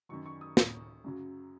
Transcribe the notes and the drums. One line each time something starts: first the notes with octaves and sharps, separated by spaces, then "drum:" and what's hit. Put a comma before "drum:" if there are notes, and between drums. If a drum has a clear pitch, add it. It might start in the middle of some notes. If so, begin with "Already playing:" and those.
F#2 D#3 F#3 C#6
C#6
D#6
C#6, drum: snare
F#2 C#3 F#3